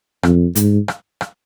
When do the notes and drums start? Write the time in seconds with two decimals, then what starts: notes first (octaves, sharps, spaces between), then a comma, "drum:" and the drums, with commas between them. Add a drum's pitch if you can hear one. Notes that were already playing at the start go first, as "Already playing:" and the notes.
0.23 F2, drum: rim click
0.55 G#2, drum: hi-hat
0.88 drum: rim click
1.21 drum: rim click